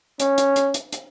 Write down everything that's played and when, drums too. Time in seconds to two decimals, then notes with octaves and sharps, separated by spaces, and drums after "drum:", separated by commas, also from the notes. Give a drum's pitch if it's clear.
0.20 C#4, drum: hi-hat
0.38 drum: hi-hat
0.56 drum: hi-hat
0.74 drum: hi-hat
0.92 drum: hi-hat